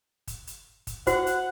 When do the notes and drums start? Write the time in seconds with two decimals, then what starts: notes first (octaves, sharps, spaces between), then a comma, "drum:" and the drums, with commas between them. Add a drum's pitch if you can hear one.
0.28 drum: kick, hi-hat
0.47 drum: hi-hat
0.87 drum: kick, hi-hat
1.07 F#4 C5 F#5, drum: kick, hi-hat
1.27 drum: hi-hat